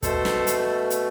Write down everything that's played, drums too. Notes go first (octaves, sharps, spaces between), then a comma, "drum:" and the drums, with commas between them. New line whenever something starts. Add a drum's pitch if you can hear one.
B2 A3 A4 C5, drum: kick, hi-hat
drum: snare
drum: hi-hat
drum: hi-hat